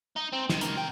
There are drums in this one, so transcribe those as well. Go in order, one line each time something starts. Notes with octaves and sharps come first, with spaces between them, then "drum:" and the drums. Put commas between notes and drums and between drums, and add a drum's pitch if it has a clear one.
D#4
C4
D#2 D#3, drum: snare
C#2 A#4, drum: hi-hat
C3 G5